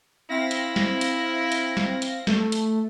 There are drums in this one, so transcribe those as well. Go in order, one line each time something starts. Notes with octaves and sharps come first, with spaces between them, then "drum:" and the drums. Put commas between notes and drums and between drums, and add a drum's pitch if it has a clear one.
C4 E4 F5 A#6
drum: hi-hat
drum: snare
drum: hi-hat
drum: hi-hat
drum: snare
drum: hi-hat
A3, drum: snare
drum: hi-hat